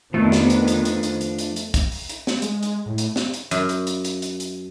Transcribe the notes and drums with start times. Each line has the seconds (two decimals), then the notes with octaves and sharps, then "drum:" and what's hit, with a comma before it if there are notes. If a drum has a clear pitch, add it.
0.14 F2 D#3 F3 A3 B3 D4
0.32 drum: snare
0.50 drum: hi-hat
0.68 drum: hi-hat
0.85 drum: hi-hat
1.03 drum: hi-hat
1.21 drum: hi-hat
1.39 drum: hi-hat
1.56 drum: hi-hat
1.74 drum: kick, hi-hat
1.92 drum: open hi-hat
2.09 drum: hi-hat
2.27 drum: snare
2.42 G#3, drum: hi-hat
2.63 drum: hi-hat
2.86 A2
2.98 drum: hi-hat
3.16 drum: snare
3.34 drum: hi-hat
3.51 F#2, drum: hi-hat
3.69 drum: hi-hat
3.87 drum: hi-hat
4.05 drum: hi-hat
4.22 drum: hi-hat
4.40 drum: hi-hat